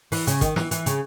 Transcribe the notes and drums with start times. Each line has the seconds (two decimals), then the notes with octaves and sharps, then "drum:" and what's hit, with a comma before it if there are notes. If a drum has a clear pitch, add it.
0.12 E3, drum: open hi-hat
0.27 C#3, drum: hi-hat
0.41 D#3, drum: kick G#1, hi-hat
0.56 E3, drum: snare
0.71 E3, drum: hi-hat
0.86 C#3, drum: hi-hat